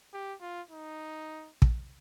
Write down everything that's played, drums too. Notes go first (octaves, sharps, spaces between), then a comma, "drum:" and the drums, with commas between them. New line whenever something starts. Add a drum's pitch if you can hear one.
G4
F4
D#4
drum: kick